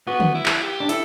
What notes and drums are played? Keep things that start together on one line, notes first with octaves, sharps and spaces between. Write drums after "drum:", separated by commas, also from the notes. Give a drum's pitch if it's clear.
B3 F#4
drum: tom
E4
drum: clap
G4
D4
E4 A4, drum: hi-hat